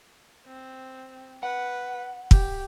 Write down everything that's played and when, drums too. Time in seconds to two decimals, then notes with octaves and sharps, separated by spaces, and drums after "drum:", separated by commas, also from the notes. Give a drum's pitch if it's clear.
0.46 C4
1.43 B4 F#5
2.31 G4, drum: kick